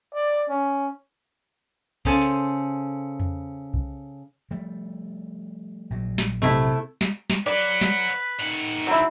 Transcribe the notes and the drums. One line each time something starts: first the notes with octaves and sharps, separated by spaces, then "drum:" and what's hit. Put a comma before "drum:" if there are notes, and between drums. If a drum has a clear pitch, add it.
D5
C#4
C#3 C#4 A4 C5 G#5 A5, drum: kick C2
drum: hi-hat
drum: tom E2
drum: kick C2
F3 G3 A3
A#1 F#3
drum: snare
C3 A3 E4
drum: snare
drum: snare
B4 C#5 D5 F#5, drum: cymbal
drum: snare
D#3 F#5
F#3 C4 E4